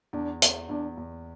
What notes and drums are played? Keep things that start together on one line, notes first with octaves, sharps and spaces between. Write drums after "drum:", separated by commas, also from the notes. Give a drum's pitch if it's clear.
E2 D4
E2, drum: hi-hat
E2 D4
E2